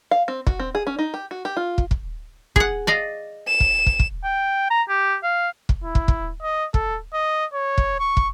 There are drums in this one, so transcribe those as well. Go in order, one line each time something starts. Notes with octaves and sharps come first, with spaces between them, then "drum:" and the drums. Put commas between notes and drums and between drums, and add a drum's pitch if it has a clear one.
F5
C4
F#4, drum: kick
C4
G#4
C#4
D#4
G4
F#4
G4
F4
drum: kick
drum: kick
G#4 F#5, drum: kick
D5 D#5 F5
E7
drum: kick
drum: kick
drum: kick
G5
A#5
G4
F5
drum: kick
E4
drum: kick
drum: kick
D#5
A4, drum: kick
D#5
C#5
drum: kick
C#6
drum: kick